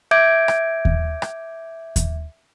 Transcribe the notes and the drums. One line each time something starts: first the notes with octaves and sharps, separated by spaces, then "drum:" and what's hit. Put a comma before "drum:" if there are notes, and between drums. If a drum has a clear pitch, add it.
E5 D6 G6 G#6 D7
drum: rim click
drum: kick D#2
drum: rim click
drum: kick D#2, hi-hat